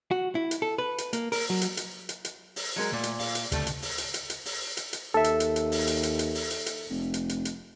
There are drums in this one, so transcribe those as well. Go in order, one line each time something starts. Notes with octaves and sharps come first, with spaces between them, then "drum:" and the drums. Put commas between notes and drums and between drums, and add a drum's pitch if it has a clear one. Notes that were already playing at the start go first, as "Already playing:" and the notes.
F#4
E4
drum: hi-hat
A4
B4
drum: hi-hat
A#3, drum: hi-hat
A#4, drum: open hi-hat
F#3
drum: hi-hat
drum: hi-hat
drum: hi-hat
drum: hi-hat
drum: open hi-hat
F#3 G#3 A#4
A#2 A3
drum: hi-hat
F5, drum: open hi-hat
drum: hi-hat
D2 C#3 G3 A3 C4, drum: hi-hat
drum: hi-hat
drum: open hi-hat
drum: hi-hat
drum: hi-hat
drum: hi-hat
drum: open hi-hat
drum: hi-hat
drum: hi-hat
D#2 A4 E5
drum: hi-hat
drum: hi-hat
drum: hi-hat
drum: open hi-hat
drum: hi-hat
drum: hi-hat
drum: hi-hat
drum: open hi-hat
drum: hi-hat
drum: hi-hat
F1
drum: hi-hat
drum: hi-hat
drum: hi-hat